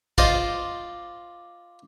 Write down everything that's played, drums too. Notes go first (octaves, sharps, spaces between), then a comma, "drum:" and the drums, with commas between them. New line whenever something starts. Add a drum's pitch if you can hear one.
F4 C5 D5 D#5, drum: kick A1